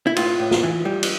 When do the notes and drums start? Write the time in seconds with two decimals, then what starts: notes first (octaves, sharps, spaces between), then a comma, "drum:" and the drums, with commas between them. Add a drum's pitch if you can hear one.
0.07 E4
0.16 A2 F4, drum: cymbal
0.39 A2
0.51 drum: snare
0.63 E3
0.85 G3
1.03 drum: cymbal